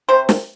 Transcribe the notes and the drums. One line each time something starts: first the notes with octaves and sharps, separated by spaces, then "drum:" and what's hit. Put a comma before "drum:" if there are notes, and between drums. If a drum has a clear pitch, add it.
C3 C5
drum: snare